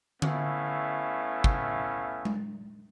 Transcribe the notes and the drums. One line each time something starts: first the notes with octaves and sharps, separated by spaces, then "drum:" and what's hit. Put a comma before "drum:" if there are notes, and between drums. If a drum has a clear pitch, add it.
A3 B3 C#4 E4 F5, drum: tom D3
drum: kick
drum: tom G#3